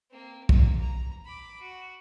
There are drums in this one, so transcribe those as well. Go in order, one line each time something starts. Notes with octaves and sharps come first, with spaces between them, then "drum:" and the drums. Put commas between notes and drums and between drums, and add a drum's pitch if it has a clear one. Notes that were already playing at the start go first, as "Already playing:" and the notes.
A#3 C4
A#3, drum: kick
A#5
B5 D6
F#4